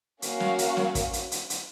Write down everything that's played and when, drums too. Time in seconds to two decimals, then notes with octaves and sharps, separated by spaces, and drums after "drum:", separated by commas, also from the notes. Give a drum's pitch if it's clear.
0.22 A#3 C#4 F#4 A#4 F5, drum: hi-hat
0.40 drum: snare
0.59 drum: hi-hat
0.77 drum: snare
0.95 drum: kick, hi-hat
1.13 drum: hi-hat
1.32 drum: hi-hat
1.50 drum: hi-hat